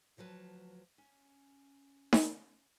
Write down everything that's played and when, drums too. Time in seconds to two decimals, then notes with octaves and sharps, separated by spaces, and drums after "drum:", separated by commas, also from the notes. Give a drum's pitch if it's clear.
0.17 D2 F3 F#3 A4 B4 A5
0.98 C#4
2.13 drum: snare D#4